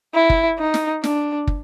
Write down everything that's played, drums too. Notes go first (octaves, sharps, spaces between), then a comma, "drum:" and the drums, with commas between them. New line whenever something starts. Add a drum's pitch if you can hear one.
E4
drum: kick
D#4
drum: snare
D4, drum: snare
drum: kick